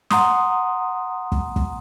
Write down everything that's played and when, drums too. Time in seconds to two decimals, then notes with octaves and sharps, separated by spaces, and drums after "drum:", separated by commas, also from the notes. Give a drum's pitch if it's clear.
0.11 F#5 A#5 C6 D#6, drum: snare
1.32 drum: kick
1.56 drum: kick